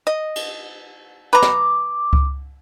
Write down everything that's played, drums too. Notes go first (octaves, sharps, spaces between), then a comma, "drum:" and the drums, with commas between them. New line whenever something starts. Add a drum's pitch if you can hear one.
D#5
drum: cymbal
B4 A#5 D6
drum: snare
drum: kick C#2